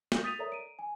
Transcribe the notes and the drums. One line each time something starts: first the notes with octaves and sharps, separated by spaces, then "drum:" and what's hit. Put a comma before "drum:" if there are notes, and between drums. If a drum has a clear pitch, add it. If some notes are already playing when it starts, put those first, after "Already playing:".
G6, drum: snare
D#6 A6 B6 D#7 F7
A4 A#4 C#5 D5 E5 A#5
D7 D#7
G#5